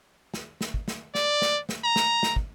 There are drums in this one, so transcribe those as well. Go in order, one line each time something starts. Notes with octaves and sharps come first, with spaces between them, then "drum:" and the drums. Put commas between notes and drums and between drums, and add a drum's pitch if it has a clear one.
drum: snare
drum: snare
drum: kick
drum: snare
D5, drum: snare
drum: snare
drum: snare
A#5
drum: snare
drum: snare
drum: kick